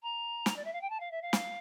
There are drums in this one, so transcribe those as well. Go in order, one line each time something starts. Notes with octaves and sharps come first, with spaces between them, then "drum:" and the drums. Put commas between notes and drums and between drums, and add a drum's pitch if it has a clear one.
A#5
drum: snare
D5
E5
F5
G5
A5
F5
E5
F5
drum: snare